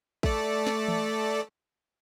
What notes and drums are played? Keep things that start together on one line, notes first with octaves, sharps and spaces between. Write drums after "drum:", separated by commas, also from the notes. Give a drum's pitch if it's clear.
A3 A4 D5, drum: kick A1
drum: snare
drum: tom E3